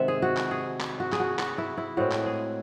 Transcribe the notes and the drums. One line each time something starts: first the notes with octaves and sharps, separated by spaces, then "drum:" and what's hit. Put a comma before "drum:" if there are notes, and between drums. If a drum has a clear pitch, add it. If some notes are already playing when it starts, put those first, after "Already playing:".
Already playing: C3 D#3 G#3 C4 E5 F#5
G#4
F#4
drum: clap
G#4
drum: clap
F#4
G#4, drum: clap
F#4
F#4, drum: clap
E4
E4
A2 G#3 C4 F#4
drum: clap
G#4